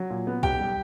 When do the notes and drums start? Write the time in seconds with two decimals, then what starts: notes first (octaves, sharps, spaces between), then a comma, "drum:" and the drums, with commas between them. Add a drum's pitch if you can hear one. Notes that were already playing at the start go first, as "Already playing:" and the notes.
Already playing: F#3
0.10 A#2
0.27 B3
0.43 B1 G4 G5, drum: kick B1
0.60 G3